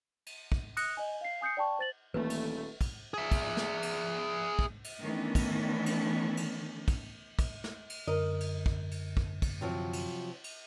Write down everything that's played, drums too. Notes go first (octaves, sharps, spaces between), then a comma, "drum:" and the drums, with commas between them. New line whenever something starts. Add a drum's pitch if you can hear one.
drum: cymbal
drum: kick
D#6 F#6 A#6 C#7, drum: cymbal
D#5 G#5
F5 C7
G#5 D#6 G6 C7 C#7
D5 G5 A5 C#6
C5 A6 F#7
D#1 E3 A3 A#3 D4 B4
drum: cymbal
drum: kick, cymbal
G#4 E5
drum: kick, cymbal
drum: snare
drum: cymbal
drum: kick
drum: cymbal
D#3 E3 A3 B3 C#4 D4
drum: kick, cymbal
drum: cymbal
drum: cymbal
drum: kick, cymbal
drum: kick, cymbal
drum: snare
drum: cymbal
F#2 D3 A#4 D#5
drum: cymbal
drum: kick
drum: cymbal
drum: kick
drum: kick, cymbal
C3 F3 F#3
drum: cymbal
drum: cymbal